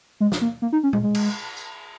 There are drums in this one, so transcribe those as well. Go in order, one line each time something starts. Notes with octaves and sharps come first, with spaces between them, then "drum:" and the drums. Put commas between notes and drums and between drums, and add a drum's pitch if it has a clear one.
G#3
drum: snare
A#3
A#3
D#4
C#4
G#3, drum: tom A#2
G#3
drum: cymbal
drum: tambourine